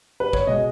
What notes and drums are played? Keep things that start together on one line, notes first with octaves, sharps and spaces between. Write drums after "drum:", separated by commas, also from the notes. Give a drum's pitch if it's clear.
B4
C#5, drum: kick
B2 G#3 D#5